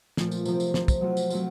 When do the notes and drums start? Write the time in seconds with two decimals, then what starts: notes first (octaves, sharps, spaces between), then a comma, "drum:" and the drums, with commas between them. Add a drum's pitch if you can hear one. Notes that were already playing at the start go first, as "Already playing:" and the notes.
0.17 A#2 F3 A3 C4 F4, drum: snare
0.31 drum: tambourine
0.45 C3 F3 C4, drum: tambourine
0.60 drum: tambourine
0.74 C3 F3 C4, drum: snare
0.88 drum: kick, tambourine
1.01 F#3 A3 C4 F4
1.17 drum: tambourine
1.30 F#3 A3 C4 F4, drum: tambourine